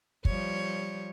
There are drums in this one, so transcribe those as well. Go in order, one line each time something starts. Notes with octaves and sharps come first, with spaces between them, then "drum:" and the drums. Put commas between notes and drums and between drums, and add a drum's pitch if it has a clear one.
F3 G3 C#5, drum: kick